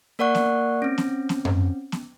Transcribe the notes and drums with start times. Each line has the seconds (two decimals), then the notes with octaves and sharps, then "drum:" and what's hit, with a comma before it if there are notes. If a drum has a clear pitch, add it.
0.19 A#3 A#4 D5 F#5 C#6 F#6
0.35 drum: snare B3
0.82 C4 C#4
0.98 drum: snare B3
1.29 drum: snare B3
1.45 drum: tom F#2
1.92 drum: snare B3